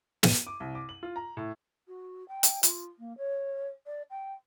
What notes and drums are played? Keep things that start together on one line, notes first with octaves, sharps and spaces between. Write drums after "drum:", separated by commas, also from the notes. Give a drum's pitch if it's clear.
D#7, drum: snare
D6
C2
D6
F#7
F4
A#5
A2
F#4
G5
drum: hi-hat
F4, drum: hi-hat
A#3
C#5
D5
G5